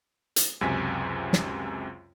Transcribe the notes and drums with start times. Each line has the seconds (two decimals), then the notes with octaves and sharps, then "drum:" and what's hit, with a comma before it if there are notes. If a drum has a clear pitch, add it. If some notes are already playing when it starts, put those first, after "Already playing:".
0.36 drum: hi-hat
0.61 C#2 F#2 C3 G#5 B6
1.33 drum: snare